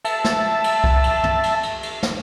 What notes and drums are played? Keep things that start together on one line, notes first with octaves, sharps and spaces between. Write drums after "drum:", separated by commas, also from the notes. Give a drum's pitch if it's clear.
E5 A5, drum: cymbal
drum: snare
drum: cymbal
drum: kick C2
drum: cymbal
drum: tom
drum: cymbal
drum: cymbal
drum: cymbal
drum: snare